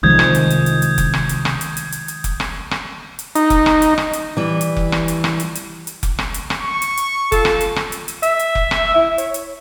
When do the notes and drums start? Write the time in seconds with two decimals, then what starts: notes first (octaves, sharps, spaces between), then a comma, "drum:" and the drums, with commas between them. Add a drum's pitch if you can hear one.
0.03 C2 D#3 F3 G#3 D#6 G6 G#6
0.19 drum: rim click
0.35 drum: hi-hat
0.50 drum: hi-hat
0.66 drum: hi-hat
0.82 drum: hi-hat
0.98 drum: kick F1, hi-hat
1.14 drum: rim click
1.29 drum: hi-hat
1.45 drum: rim click
1.61 drum: hi-hat
1.77 drum: hi-hat
1.92 drum: hi-hat
2.08 drum: hi-hat
2.24 drum: kick F1, hi-hat
2.40 drum: rim click
2.71 drum: rim click
3.19 drum: hi-hat
3.35 D#4, drum: hi-hat
3.50 drum: kick F1, hi-hat
3.66 drum: rim click
3.82 drum: hi-hat
3.98 drum: rim click
4.13 drum: hi-hat
4.37 E3 G3
4.61 drum: hi-hat
4.77 drum: kick F1
4.92 drum: rim click
5.08 drum: hi-hat
5.24 drum: rim click
5.40 drum: hi-hat
5.55 drum: hi-hat
5.87 drum: hi-hat
6.03 drum: kick F1, hi-hat
6.19 drum: rim click
6.34 drum: hi-hat
6.50 drum: rim click
6.62 C#6
6.82 drum: hi-hat
6.97 drum: hi-hat
7.32 F4 A4, drum: kick F1, hi-hat
7.45 drum: rim click
7.61 drum: hi-hat
7.76 drum: rim click
7.92 drum: hi-hat
8.08 drum: hi-hat
8.23 E5, drum: hi-hat
8.39 drum: hi-hat
8.55 drum: kick F1
8.71 drum: rim click
8.95 E4
9.18 C#5, drum: hi-hat
9.34 drum: hi-hat